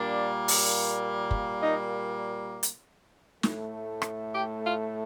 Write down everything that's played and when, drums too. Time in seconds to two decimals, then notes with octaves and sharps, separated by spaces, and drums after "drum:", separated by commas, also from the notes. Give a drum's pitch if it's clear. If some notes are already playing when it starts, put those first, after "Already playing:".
Already playing: A#2 G3 A#3 D4 D5
0.48 drum: open hi-hat
1.31 drum: kick
1.61 D#4 D#5
2.63 drum: hi-hat
3.43 A2 A3, drum: snare
4.02 drum: rim click
4.34 G4 G5
4.65 F4 F5